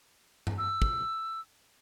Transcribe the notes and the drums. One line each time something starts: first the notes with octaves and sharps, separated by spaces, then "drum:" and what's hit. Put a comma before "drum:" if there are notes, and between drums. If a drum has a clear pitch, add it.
drum: tom G2
E6
drum: kick